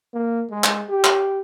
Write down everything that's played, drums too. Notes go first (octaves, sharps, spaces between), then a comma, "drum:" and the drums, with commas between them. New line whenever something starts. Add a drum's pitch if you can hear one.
A#3
G#3
drum: clap
G4
drum: clap